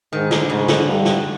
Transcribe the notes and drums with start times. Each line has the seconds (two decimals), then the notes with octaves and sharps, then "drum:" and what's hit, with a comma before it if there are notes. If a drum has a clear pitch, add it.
0.13 G#2 D#3
0.31 D3, drum: snare
0.50 G#2 C#3
0.68 D3, drum: snare
0.87 G2
1.05 drum: snare